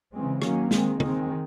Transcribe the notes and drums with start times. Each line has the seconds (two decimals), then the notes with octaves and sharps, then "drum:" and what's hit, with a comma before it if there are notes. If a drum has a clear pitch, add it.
0.11 C#3 E3 G#3 C4
0.42 D#3 F#3 A#3 C#4, drum: rim click
0.71 D#3 G#3 C4, drum: snare
1.00 D#3 G#3 C4, drum: tom